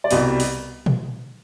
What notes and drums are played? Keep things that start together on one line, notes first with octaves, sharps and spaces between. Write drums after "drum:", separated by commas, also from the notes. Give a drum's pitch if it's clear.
D5
C2 B2 G3 D#5, drum: open hi-hat
drum: open hi-hat
drum: tom A#2